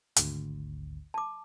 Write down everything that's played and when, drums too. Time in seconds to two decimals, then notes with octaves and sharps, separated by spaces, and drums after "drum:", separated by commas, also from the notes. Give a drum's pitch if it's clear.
0.16 G#1 D2, drum: hi-hat
1.14 A5 D6